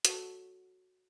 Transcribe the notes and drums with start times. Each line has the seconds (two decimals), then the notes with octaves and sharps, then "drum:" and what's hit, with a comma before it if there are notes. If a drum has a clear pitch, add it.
0.05 F#4 A4, drum: hi-hat